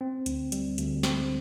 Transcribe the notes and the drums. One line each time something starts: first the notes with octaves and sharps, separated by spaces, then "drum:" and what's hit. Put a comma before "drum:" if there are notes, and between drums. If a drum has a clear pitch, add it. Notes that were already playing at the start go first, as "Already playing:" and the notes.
C4
D2, drum: hi-hat
G3, drum: hi-hat
D2, drum: hi-hat
C4, drum: snare